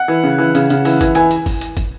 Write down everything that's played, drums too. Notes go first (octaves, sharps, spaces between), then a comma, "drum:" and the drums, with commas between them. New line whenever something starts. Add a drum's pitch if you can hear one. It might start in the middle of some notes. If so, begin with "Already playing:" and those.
Already playing: F#5
E3
C#3
E3
C#3, drum: hi-hat
C#3, drum: hi-hat
E3, drum: open hi-hat
E3, drum: kick, hi-hat
E3 G#5, drum: hi-hat
drum: hi-hat
drum: kick, open hi-hat
drum: hi-hat
drum: kick, hi-hat